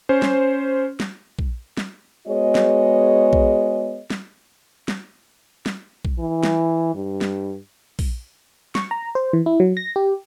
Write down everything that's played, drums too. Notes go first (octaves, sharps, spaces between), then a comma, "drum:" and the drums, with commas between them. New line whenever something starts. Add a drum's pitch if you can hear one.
C#4 C5
drum: snare
drum: snare
drum: kick A#1
drum: snare
G#3 B3 F#4 G#4 C#5 D#5
drum: snare
drum: kick A#1
drum: snare
drum: snare
drum: snare
drum: kick A#1
E3
drum: snare
G2
drum: snare
drum: kick A#1, open hi-hat
C#6, drum: snare
A#5
C5
E3
E4
F#3
A#6
G4